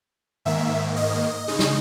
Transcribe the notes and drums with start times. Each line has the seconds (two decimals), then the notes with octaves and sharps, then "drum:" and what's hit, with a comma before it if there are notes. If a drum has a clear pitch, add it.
0.45 G#2 D#3 A#3 E5
0.96 D#5
1.48 C#3 G#3 D#4
1.59 drum: snare